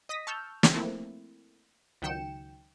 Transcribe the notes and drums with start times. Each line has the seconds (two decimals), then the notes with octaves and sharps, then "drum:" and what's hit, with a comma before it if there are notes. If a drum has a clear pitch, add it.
0.09 D#5 D#6 A#6 B6
0.27 A5 C#6 E6 F6 G6
0.63 drum: snare
0.72 F3 A3 A#3 C4 E4
2.02 C#2 D#3 F#3 G5 C#7 E7